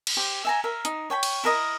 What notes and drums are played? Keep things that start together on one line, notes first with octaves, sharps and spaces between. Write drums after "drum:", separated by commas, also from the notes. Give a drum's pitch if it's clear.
drum: cymbal
G4 C5
E5 G#5 A#5
A#4 E5
D#4, drum: hi-hat
C#5 G5 G#5 B5
drum: cymbal
E4 A#4 D#5 A#5